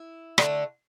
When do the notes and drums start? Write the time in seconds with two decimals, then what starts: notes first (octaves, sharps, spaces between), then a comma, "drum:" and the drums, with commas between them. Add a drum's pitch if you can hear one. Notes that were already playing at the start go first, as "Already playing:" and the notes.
Already playing: E4
0.38 D3 A3, drum: rim click